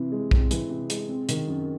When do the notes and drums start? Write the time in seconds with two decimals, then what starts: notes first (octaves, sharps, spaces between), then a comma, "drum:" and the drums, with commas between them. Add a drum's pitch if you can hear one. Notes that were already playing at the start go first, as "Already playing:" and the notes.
Already playing: C3 E3 C4
0.12 G#3
0.31 C4, drum: kick B1
0.51 E3, drum: hi-hat
0.70 C3
0.90 G#3, drum: hi-hat
1.09 C4
1.29 D#3, drum: hi-hat
1.47 F#2